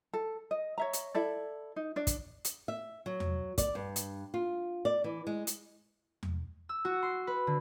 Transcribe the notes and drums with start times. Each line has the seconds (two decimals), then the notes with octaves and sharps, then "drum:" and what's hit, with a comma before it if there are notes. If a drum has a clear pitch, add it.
0.13 A4
0.51 D#5
0.78 C#5 E5 A#5
0.93 drum: hi-hat
1.14 E4 A4 D5
1.76 D#4
1.96 D4 D5
2.07 drum: kick, hi-hat
2.45 drum: hi-hat
2.68 E5
3.06 F#3
3.20 drum: tom E2
3.58 D5, drum: kick, hi-hat
3.75 G2
3.96 drum: hi-hat
4.34 F4
4.85 D5
5.04 E3
5.27 G#3
5.47 drum: hi-hat
6.23 drum: tom E2
6.69 E6
6.85 F#4
7.03 C6
7.27 B4
7.47 D3